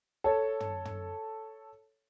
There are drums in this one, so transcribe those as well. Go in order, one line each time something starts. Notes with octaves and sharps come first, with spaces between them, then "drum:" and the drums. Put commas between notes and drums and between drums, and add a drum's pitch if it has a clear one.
A4 C#5
drum: tom
drum: tom